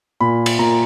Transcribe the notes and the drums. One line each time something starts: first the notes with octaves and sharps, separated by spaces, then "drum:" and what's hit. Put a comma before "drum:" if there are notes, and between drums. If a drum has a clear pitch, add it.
A#2 B5
drum: cymbal
A#2 A#5